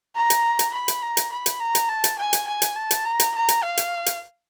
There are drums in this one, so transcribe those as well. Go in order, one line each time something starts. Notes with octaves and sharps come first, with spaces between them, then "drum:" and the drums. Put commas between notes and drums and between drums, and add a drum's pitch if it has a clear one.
A#5
drum: hi-hat
drum: hi-hat
B5
drum: hi-hat
A#5
drum: hi-hat
B5
drum: hi-hat
A#5
drum: hi-hat
A5
drum: hi-hat
G#5
drum: hi-hat
G#5
drum: hi-hat
A5
drum: hi-hat
A#5
drum: hi-hat
A#5
drum: hi-hat
F5
drum: hi-hat
drum: hi-hat